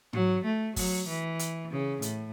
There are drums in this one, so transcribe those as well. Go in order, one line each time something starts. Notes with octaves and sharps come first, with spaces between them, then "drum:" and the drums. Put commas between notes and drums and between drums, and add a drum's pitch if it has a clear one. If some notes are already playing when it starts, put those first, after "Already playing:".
F#3, drum: tom G#2
A3
F#3, drum: kick F#1, open hi-hat
E3
drum: hi-hat
C#3
A2, drum: hi-hat